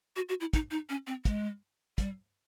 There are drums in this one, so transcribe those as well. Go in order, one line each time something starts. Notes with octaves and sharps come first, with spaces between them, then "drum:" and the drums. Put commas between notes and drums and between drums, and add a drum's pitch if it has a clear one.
F#4
F#4
E4
D#4, drum: kick, hi-hat
D#4
C#4
C4
G#3, drum: kick, hi-hat
G3, drum: kick, hi-hat